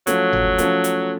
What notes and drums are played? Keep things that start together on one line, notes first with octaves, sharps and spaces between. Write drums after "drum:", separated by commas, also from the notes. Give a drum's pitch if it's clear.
F3 F#3 A3 C#4, drum: hi-hat
drum: tom G1
F3 A3 C#4, drum: hi-hat
drum: hi-hat